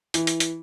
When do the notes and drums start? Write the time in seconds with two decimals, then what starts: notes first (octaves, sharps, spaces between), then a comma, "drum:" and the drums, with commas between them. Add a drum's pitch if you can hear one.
0.14 E3, drum: hi-hat
0.27 drum: hi-hat
0.40 drum: hi-hat